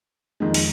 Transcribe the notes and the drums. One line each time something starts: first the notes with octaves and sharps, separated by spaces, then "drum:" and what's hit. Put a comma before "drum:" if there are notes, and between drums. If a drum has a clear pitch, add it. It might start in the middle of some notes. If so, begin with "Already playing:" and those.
F2 D#3 G#3
drum: open hi-hat